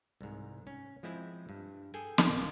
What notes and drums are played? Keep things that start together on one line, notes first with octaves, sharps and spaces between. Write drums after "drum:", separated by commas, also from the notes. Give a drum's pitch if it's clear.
C2 G#2
C#4
F3 G#3 C4 E4
G2
G#4 A4 G5 G#5
drum: snare
A#1 D#2 A#3 A5